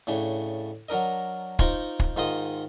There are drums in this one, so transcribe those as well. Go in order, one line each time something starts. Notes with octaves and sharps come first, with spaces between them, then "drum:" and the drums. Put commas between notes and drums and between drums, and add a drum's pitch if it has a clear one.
A2 C#3 D4
F#3 D4 A#4 D#5
D#4 F4 C5 G5 A#5 C#6, drum: kick
drum: kick
G#2 D#3 F4 D#5 C6 D#6